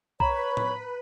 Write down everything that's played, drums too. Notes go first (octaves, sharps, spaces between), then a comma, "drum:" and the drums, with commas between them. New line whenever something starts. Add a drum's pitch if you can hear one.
B4 C#5 A#5 B5, drum: kick B1
drum: tom A2